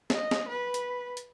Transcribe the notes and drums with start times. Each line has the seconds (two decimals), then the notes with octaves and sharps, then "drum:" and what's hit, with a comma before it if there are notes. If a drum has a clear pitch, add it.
0.10 D#5, drum: snare
0.31 drum: snare
0.48 B4
0.74 drum: hi-hat
1.17 drum: hi-hat